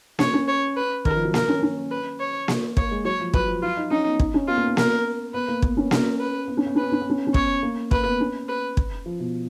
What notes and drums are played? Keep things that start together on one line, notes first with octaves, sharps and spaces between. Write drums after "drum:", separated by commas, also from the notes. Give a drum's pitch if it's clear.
C#4 C#5, drum: snare A#3
C#4
C#5
B4
D#3 A#4, drum: kick
F3
F#3
A#3 A#4, drum: snare A#3
C#4
C#4
B4
C#5
drum: snare A#3
A#3 C#5, drum: kick
G#3
F#3 C#5
F3
F#3 B4, drum: kick
F3
F#3 F4
D#4
C#4 D#4
B3
D#4, drum: kick
C#4
B3 F4
A#3
B3
A#4, drum: snare A#3
B3 B4
A#3
B3, drum: kick
C#4
C#4 A#4, drum: snare A#3
B4
B3
C#4
B3
C#4 B4
B3
C#4
B3
C#4
B3
C#4
B3 C#5, drum: kick
A#3
A#3 B4, drum: kick
B3
C#4
B4
drum: kick
F3
B2